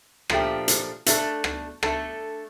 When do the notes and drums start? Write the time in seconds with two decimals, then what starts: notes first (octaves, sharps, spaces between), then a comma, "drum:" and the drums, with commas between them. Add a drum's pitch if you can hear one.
0.30 A#2 F3 A3 D4 G4, drum: rim click
0.68 drum: hi-hat
1.06 A3 D4 A4, drum: hi-hat
1.44 drum: rim click
1.83 A3 D4 A4, drum: rim click